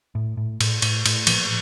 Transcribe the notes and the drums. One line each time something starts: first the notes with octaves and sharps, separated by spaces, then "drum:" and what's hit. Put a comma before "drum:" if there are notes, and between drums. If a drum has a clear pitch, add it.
A2
A2
A2, drum: cymbal
A2, drum: cymbal
A2, drum: cymbal
A#2 F3, drum: cymbal